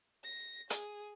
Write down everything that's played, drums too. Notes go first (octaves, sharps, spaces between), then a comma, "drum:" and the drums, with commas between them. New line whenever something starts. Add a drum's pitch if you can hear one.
A#6
G#4, drum: hi-hat